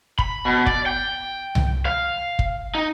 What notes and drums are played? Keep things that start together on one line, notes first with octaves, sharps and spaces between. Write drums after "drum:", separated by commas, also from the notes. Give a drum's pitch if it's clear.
B5, drum: kick
B2
D5, drum: kick
G5
drum: tom C2
F5
drum: kick
D#4